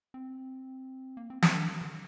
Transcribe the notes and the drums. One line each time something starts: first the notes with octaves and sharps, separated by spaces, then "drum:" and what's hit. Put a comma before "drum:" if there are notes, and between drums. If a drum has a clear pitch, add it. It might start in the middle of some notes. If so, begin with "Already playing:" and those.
C4
A#3
C4
C4, drum: snare
D4
D#3
D3